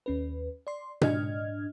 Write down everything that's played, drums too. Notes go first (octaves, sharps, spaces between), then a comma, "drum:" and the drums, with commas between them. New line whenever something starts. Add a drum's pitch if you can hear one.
D#2 C#4 B4
D5 C6
G#2 D4 D#5 F6 G#6, drum: tom B2